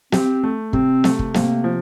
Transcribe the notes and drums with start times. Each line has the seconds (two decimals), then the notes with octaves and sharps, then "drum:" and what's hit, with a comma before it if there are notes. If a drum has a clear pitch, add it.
0.12 C4 G4, drum: snare
0.43 A3
0.73 C3 C4, drum: kick
1.04 A3, drum: snare
1.19 drum: kick
1.34 C3 A#3, drum: snare
1.64 F3